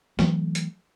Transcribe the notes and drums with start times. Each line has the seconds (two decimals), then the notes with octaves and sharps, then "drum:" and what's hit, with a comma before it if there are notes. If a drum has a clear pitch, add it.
0.19 E3 F#3 A3 C4, drum: snare
0.55 drum: hi-hat